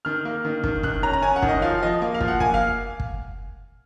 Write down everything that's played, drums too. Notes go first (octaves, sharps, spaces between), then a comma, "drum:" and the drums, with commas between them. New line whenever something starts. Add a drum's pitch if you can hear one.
D#3 F6
A#3
D#3
D#3, drum: kick
D#3 F#6, drum: kick
C#4 A#5
A#5
C#4 G#5
F#5
D#3, drum: kick
D#5
F3 F5
F3 D#5
A#3
F5
F3, drum: kick
F#5
A#3 G#5, drum: kick
F5
drum: kick